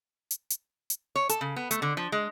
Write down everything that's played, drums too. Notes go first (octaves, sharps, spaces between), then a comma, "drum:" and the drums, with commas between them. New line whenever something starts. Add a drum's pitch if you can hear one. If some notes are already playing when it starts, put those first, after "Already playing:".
drum: hi-hat
drum: hi-hat
drum: hi-hat
C#5
A4, drum: hi-hat
C#3
B3
A3, drum: hi-hat
D3
F3
G#3